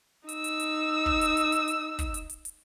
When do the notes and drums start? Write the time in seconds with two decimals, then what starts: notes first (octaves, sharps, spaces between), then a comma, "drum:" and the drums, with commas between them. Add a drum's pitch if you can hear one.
0.29 D#4 E6, drum: hi-hat
0.44 drum: hi-hat
0.60 drum: hi-hat
1.06 drum: kick
1.21 drum: hi-hat
1.37 drum: hi-hat
1.52 drum: hi-hat
1.68 drum: hi-hat
1.99 drum: kick, hi-hat
2.14 drum: hi-hat
2.30 drum: hi-hat
2.45 drum: hi-hat